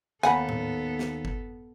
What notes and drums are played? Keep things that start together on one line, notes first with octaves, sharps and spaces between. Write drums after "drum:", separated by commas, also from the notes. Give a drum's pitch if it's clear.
D#2 B3 A4 F#5 G#5 B5, drum: snare
drum: tom A2
drum: snare
drum: kick G1